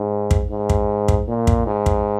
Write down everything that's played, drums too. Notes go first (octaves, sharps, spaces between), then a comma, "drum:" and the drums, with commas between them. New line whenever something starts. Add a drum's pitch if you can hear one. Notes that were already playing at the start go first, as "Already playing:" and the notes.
Already playing: G#2
drum: kick
G#2
drum: kick
drum: kick
A#2
drum: kick
G#2
drum: kick